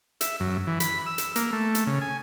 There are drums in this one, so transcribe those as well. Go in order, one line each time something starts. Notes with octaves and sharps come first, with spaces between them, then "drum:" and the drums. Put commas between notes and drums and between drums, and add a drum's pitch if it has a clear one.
E5, drum: hi-hat
F#2
E3
B5, drum: hi-hat
E6
drum: hi-hat
A#3, drum: hi-hat
A3
drum: hi-hat
C#3
G#5